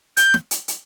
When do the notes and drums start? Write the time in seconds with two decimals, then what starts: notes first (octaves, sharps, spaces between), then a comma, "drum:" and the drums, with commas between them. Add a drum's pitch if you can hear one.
0.17 G6, drum: hi-hat
0.34 drum: snare
0.51 drum: hi-hat
0.68 drum: hi-hat